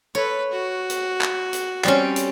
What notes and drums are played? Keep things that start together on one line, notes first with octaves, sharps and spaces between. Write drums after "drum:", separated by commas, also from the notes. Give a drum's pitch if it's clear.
A4 B4 C#5
F#4
drum: hi-hat
drum: clap
drum: hi-hat
G3 C4 C#4, drum: clap
drum: hi-hat